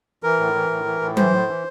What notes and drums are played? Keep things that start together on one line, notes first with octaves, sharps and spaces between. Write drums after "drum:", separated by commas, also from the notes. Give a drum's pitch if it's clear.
E3 A#4
A2
E3
A2
E3
A2
E3 C5, drum: tom F#3
A2
E3